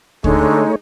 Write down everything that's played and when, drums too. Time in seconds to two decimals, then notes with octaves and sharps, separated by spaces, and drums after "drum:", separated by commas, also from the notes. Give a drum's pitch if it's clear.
0.24 D3 G#3 A3 D#4 C#5, drum: kick